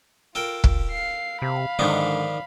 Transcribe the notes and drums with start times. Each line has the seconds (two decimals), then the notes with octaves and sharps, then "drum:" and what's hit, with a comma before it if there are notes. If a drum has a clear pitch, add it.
0.35 F4 A4 A#4 G5
0.64 drum: kick
0.91 F5 C7
1.42 C3 F5 B5
1.79 G#2 D3 D#3 F3 D4 D#4